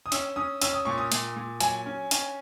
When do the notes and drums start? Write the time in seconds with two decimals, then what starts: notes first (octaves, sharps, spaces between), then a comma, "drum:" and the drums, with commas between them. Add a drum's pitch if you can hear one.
0.06 D#6
0.12 C#4 E6, drum: hi-hat
0.36 C#4 D#6
0.62 C#4 E6, drum: hi-hat
0.73 D#6
0.85 A#2 C#6
0.98 D#6
1.12 A#2, drum: hi-hat
1.36 A#2
1.60 F#3 G#5, drum: hi-hat
1.86 C#4
2.11 C#4, drum: hi-hat